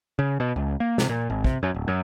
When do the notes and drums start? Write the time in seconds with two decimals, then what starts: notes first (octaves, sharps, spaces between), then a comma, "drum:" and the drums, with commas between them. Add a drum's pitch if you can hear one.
0.19 C#3
0.40 B2
0.56 C#2
0.80 A#3
0.98 C3, drum: snare
1.09 A#2
1.30 G#1
1.44 C3, drum: kick
1.63 F#2
1.74 D1
1.88 F#2